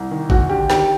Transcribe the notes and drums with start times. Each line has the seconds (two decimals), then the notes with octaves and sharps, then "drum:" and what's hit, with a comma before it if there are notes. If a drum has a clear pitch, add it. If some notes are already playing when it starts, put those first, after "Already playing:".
Already playing: C2
0.11 D#3
0.30 D2 F#4, drum: kick G#1
0.50 D3 G4
0.70 D#3 G4, drum: snare